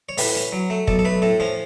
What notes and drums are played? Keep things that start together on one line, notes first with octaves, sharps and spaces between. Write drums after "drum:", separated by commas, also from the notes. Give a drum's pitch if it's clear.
C#5
A2 B4, drum: open hi-hat
C#4
F#3
A3
B1 A4, drum: kick
A4
A3 B4
A2 A4
F3 C#4